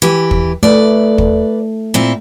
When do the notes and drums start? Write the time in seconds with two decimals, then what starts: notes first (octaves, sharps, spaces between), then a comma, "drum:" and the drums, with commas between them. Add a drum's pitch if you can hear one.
0.02 E3 G4
0.31 drum: kick
0.63 A3 B4 D5
1.18 drum: kick
1.94 A#2 C4 E4